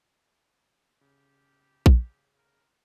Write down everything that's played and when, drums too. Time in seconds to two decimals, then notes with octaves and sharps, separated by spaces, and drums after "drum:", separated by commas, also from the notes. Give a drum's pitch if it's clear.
1.01 C#3 G4
1.86 drum: kick A#1
2.38 A#4